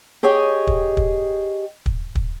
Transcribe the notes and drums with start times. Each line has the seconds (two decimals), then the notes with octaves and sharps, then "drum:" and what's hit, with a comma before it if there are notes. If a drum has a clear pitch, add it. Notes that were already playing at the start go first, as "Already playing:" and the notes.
0.23 G4 G#4 C#5 D#5 G5
0.67 drum: kick
0.97 drum: kick
1.86 drum: kick
2.15 drum: kick